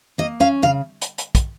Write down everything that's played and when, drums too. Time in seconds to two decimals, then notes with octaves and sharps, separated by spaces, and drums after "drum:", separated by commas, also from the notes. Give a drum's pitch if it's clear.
0.18 A#3 D#5
0.40 C#4 F5
0.62 C#3 F5
1.01 drum: hi-hat
1.18 drum: hi-hat
1.35 drum: kick, hi-hat